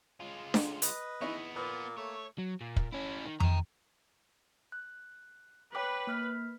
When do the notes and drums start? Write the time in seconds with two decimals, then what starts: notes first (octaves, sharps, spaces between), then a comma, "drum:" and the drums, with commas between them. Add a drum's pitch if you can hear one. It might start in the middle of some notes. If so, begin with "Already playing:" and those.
0.20 G#3 F4
0.54 drum: snare D4
0.82 B4 D#5, drum: hi-hat
1.21 B3 D#4 E4 G#4 C#6
1.56 A#2 A#3 B4
1.98 A3 C#5
2.38 F#3
2.61 A#2
2.76 drum: kick
2.92 C#4 E4
3.25 D#3
3.40 G5 A#5, drum: tom F2
4.72 F#6
5.75 B4 C#5 G5 D6
6.07 A#3 F6 B6